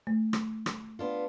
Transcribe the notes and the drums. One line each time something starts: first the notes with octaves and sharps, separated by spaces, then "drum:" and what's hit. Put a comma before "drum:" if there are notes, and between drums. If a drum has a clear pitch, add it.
A3
drum: rim click
drum: rim click
B3 D4 F4